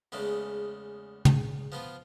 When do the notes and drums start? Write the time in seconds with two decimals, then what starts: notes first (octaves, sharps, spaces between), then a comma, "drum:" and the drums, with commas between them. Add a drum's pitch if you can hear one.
0.12 E2 C#3 G#3 A3
1.25 drum: tom
1.72 F3 B3 F4